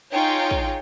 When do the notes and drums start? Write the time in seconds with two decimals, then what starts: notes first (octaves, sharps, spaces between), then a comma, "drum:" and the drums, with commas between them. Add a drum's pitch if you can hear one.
0.13 D#4 F4 G#4 C#5 G5
0.51 drum: kick